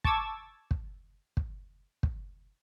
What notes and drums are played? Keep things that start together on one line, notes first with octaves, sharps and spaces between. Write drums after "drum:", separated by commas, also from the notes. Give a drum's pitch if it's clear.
A5 C#6 D6 E6 G#6 A6, drum: kick
drum: kick
drum: kick
drum: kick